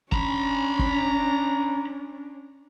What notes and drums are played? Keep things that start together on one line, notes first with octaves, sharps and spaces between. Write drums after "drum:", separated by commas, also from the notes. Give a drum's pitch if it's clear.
C#4 D4 A#5 B5, drum: kick
drum: kick